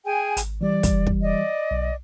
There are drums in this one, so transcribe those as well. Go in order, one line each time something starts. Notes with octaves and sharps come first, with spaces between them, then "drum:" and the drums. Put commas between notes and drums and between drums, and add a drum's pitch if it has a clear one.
G#4 G5 G#5
G#1, drum: hi-hat
E3 G3 D5
drum: kick, hi-hat
drum: kick
D5 D#5
B1